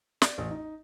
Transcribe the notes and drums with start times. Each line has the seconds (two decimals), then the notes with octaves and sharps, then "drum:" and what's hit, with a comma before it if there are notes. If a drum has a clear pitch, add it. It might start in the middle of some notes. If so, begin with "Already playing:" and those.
0.22 D5, drum: snare
0.38 A1
0.51 D#4